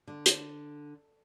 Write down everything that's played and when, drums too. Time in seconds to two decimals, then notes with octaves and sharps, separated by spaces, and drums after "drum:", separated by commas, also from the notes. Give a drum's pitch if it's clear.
0.07 D3
0.26 drum: hi-hat